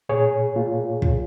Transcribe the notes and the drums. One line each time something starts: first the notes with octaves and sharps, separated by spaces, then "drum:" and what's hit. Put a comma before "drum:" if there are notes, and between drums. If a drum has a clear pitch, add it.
A#2 G#4 C#5
A#3 F4
A#2, drum: kick